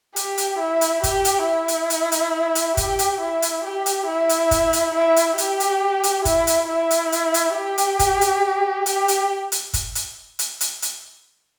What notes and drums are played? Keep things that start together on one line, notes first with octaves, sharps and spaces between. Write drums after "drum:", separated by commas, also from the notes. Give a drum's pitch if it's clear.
G4, drum: hi-hat
drum: hi-hat
E4
drum: hi-hat
G4, drum: kick, hi-hat
drum: hi-hat
E4
drum: hi-hat
drum: hi-hat
drum: hi-hat
drum: hi-hat
G4, drum: kick, hi-hat
drum: hi-hat
E4
drum: hi-hat
G4
drum: hi-hat
E4
drum: hi-hat
drum: kick, hi-hat
drum: hi-hat
E4
drum: hi-hat
G4, drum: hi-hat
drum: hi-hat
drum: hi-hat
E4, drum: kick, hi-hat
drum: hi-hat
E4
drum: hi-hat
drum: hi-hat
drum: hi-hat
G4
drum: hi-hat
drum: kick, hi-hat
drum: hi-hat
G4, drum: hi-hat
drum: hi-hat
drum: hi-hat
drum: kick, hi-hat
drum: hi-hat
drum: hi-hat
drum: hi-hat
drum: hi-hat